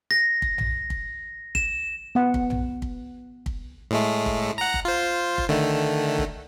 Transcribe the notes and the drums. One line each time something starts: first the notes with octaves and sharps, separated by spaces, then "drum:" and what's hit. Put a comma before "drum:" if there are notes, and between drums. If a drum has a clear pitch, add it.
A#6
drum: kick
drum: tom A#1
drum: kick
E7, drum: kick
B3 F#5
drum: kick
drum: tom A#1
drum: kick
drum: kick
A2 G#3 A3
drum: kick
F#5 A#5
drum: kick
F4 C5
drum: kick
D3 D#3 A3
drum: kick